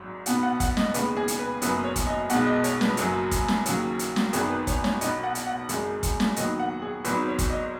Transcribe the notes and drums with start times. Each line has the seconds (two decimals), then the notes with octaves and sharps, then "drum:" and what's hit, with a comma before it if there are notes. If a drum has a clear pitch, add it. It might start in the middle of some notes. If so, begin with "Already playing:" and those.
Already playing: G#1 G#2 F#3
0.26 B1 B2 B3 F#5, drum: hi-hat
0.43 F#5
0.60 F#5, drum: kick, hi-hat
0.77 D#5, drum: snare
0.94 D#2 C#3 G#3 B3 B4, drum: hi-hat
1.17 G#4
1.28 drum: hi-hat
1.39 B4
1.62 F#1 F#2 F#3 B3 B4, drum: hi-hat
1.84 C#5
1.96 drum: kick, hi-hat
2.07 D#5
2.30 B1 B2 G#3 B3 F#5, drum: hi-hat
2.47 D#5
2.64 C#5, drum: hi-hat
2.81 B4, drum: snare
2.97 F#1 F#2 F#3, drum: hi-hat
3.31 drum: kick, hi-hat
3.48 drum: snare
3.66 D#2 C#3 F#3, drum: hi-hat
3.99 drum: hi-hat
4.16 drum: snare
4.33 G#1 F#2 D#3 B3 G#4, drum: hi-hat
4.50 B4
4.67 C#5, drum: kick, hi-hat
4.84 C#5, drum: snare
5.01 B1 B2 B3 D#5, drum: hi-hat
5.24 F#5
5.35 drum: hi-hat
5.46 F#5
5.69 G#1 F#2 C#3 G#3, drum: hi-hat
6.03 drum: kick, hi-hat
6.20 drum: snare
6.36 D#2 D#3 F#3 B3 D#5, drum: hi-hat
6.59 F#5
6.82 G#4
7.05 G#1 G#2 F#3 B3 B4, drum: hi-hat
7.28 C#5
7.39 drum: kick, hi-hat
7.50 D#5